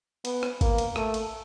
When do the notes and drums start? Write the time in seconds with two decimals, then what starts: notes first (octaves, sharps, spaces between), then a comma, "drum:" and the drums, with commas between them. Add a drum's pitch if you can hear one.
0.25 B3, drum: cymbal
0.43 drum: rim click
0.61 A#3, drum: kick G#1, cymbal
0.78 drum: cymbal
0.96 A3, drum: rim click
1.14 drum: cymbal